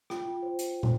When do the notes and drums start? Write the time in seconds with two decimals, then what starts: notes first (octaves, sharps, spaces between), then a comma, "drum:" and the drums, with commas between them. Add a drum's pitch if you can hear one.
0.10 F4 G5, drum: rim click
0.26 F4
0.43 C5
0.59 drum: hi-hat
0.83 drum: tom